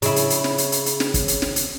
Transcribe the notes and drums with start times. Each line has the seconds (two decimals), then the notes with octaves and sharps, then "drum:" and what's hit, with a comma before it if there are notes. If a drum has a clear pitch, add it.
0.02 C#3 E4, drum: hi-hat
0.16 drum: hi-hat
0.30 drum: hi-hat
0.44 drum: snare
0.58 drum: hi-hat
0.72 drum: hi-hat
0.86 drum: hi-hat
1.00 drum: snare
1.14 drum: kick, hi-hat
1.28 drum: hi-hat
1.42 drum: snare
1.56 drum: hi-hat